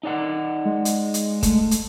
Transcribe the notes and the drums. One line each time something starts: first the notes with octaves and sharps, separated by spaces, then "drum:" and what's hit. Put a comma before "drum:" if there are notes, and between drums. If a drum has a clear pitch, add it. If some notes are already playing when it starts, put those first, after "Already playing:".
D#4 D5 F#5
G#3
drum: hi-hat
drum: hi-hat
A3, drum: kick, hi-hat
drum: hi-hat